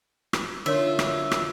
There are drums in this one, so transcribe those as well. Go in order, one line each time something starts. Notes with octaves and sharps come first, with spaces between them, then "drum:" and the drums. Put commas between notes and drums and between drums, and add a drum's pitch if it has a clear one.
drum: rim click
D3 D#4 F4 A#4 C#5 E5 C6
drum: rim click
drum: rim click